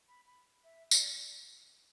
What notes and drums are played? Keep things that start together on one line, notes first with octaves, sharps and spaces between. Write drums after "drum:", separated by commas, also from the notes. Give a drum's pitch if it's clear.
B5
B5
E5
D5, drum: tambourine